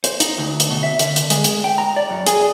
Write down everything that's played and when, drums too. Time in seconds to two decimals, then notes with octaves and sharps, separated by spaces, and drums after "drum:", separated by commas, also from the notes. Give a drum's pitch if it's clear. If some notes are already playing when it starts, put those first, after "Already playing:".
0.04 C5, drum: hi-hat
0.20 D#4, drum: hi-hat
0.38 D2
0.60 drum: hi-hat
0.70 B2
0.83 E5
0.99 D3, drum: hi-hat
1.16 drum: hi-hat
1.30 G#3, drum: hi-hat
1.44 drum: hi-hat
1.64 G5
1.78 A#5
1.96 D5
2.10 F#2
2.27 G#4, drum: hi-hat